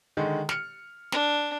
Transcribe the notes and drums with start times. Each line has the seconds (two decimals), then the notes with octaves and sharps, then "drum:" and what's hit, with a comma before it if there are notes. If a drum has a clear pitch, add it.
0.17 D3 D#3 G#3
0.49 F6 C#7, drum: snare
1.12 D4, drum: snare